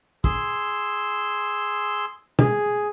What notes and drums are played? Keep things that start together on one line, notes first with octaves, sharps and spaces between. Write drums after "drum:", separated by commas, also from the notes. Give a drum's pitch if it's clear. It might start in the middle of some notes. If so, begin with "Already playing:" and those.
G#4 C6 E6, drum: kick
G#4, drum: tom